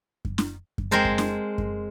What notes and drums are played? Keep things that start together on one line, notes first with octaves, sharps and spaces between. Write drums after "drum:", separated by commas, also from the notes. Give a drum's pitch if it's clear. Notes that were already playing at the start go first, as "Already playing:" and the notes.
drum: kick F#2
drum: snare
drum: kick F#2
G#3 C4 A#4 C5 A5
drum: kick F#2
drum: snare
drum: kick F#2